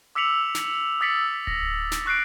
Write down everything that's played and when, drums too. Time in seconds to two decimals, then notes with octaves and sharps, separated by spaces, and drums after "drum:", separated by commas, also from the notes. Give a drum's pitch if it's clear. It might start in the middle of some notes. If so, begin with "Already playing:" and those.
0.15 D6 E6 B6 C#7 F7 F#7
0.55 drum: snare
1.00 D#6 E6 A6 B6 C#7 F#7
1.47 A#6, drum: kick D1
1.92 drum: snare
2.06 C#6 F#6 C7 D7